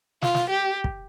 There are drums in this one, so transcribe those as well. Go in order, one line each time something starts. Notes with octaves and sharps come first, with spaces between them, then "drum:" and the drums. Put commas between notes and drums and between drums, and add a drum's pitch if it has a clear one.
F4, drum: snare
drum: snare
G4
drum: kick